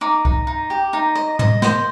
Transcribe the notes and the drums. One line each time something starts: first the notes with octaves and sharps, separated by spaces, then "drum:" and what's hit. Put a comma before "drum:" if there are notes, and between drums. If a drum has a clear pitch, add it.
D#4 D6
D#4, drum: kick C2
D#4
G4
D#4
D#5
D#5, drum: tom
C5, drum: snare